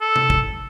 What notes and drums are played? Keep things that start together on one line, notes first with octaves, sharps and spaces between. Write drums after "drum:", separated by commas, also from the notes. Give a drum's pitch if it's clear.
A4
drum: tom C3
drum: kick